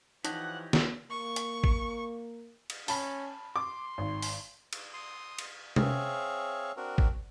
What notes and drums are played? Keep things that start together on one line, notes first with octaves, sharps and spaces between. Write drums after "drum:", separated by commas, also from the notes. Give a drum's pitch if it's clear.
E3 F3 D#4 G4 C#5 D#5 F#5, drum: hi-hat
drum: snare
A#3 C#6
drum: hi-hat
drum: kick
drum: cymbal
C#4 A5 B5, drum: open hi-hat
C6 D6
G#1
drum: open hi-hat
drum: cymbal
C6 D#6
drum: cymbal
C4 G#4 C#5 E5 F5, drum: tom C3
C4 D4 F#4 A#4
drum: kick